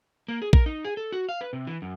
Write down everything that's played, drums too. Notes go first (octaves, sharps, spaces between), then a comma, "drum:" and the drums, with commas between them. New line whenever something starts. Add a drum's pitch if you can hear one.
A#3
G#4
A#4, drum: kick A#1
D#4
G#4
A4
F#4
F5
B4
C3
E3
F#2